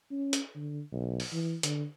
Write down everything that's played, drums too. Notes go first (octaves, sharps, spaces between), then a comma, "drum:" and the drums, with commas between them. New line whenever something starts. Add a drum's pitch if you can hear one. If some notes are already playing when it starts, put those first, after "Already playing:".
C#4
drum: hi-hat
D3
B1
drum: open hi-hat
E3
D3, drum: hi-hat